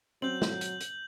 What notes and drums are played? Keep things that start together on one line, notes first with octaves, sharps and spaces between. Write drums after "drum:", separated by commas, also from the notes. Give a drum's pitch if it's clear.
F#3 C4 G6 F#7
drum: snare
drum: hi-hat
drum: hi-hat